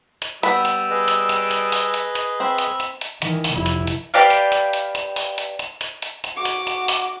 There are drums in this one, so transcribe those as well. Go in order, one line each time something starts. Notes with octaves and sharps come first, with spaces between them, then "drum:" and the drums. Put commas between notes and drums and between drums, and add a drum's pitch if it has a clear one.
drum: hi-hat
G3 B3 B5 E6, drum: hi-hat
drum: hi-hat
G#4 B4 D#5
drum: hi-hat
drum: hi-hat
drum: hi-hat
drum: open hi-hat
drum: hi-hat
drum: hi-hat
C4 E5 B5
drum: hi-hat
drum: hi-hat
drum: hi-hat
D#3 E3, drum: hi-hat
drum: open hi-hat
F1 E4
drum: hi-hat
drum: hi-hat
G4 B4 D5 F5
drum: hi-hat
drum: hi-hat
drum: hi-hat
drum: hi-hat
drum: open hi-hat
drum: hi-hat
drum: hi-hat
drum: hi-hat
drum: hi-hat
drum: hi-hat
F#4 D6
drum: hi-hat
drum: hi-hat
drum: open hi-hat